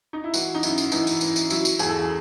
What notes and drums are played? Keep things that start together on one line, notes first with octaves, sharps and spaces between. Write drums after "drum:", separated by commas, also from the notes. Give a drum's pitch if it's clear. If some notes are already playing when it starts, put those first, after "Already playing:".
D#4
E4
E3 F#4, drum: tambourine
D#4
F#2 E4, drum: tambourine
drum: tambourine
E3 D#4, drum: tambourine
drum: tambourine
E3, drum: tambourine
drum: tambourine
F#3 E4, drum: tambourine
drum: tambourine
E2 G#4, drum: tambourine
A4
G#4